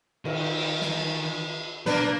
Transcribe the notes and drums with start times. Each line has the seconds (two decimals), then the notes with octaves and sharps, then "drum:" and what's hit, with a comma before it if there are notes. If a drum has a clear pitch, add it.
0.25 D#3, drum: cymbal
0.82 drum: snare
1.86 B2 A#3 D4 B4, drum: snare